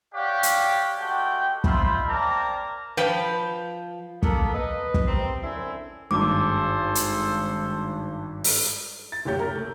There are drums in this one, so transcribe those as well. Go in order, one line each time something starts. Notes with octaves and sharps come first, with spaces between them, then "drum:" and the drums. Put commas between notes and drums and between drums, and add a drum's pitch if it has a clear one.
G4 C#5 D5 F5 F#5
drum: hi-hat
G#3 A3 F#4 G4 G5
D#4 F4 C5 E5 B5, drum: kick
A#3 C4 A#4 D5 A5 A#5
F3 B4 G5 B5
A#3 B3 A4, drum: kick
B4 D#5
drum: kick
C3 C4 A#4
F#2 D3 C4 E4 E5 G#5
G#1 G2 G#4 A4 C5 D6
drum: hi-hat
drum: open hi-hat
A6
F#1 D2 E4 G4 C#5 G6
A#4
A3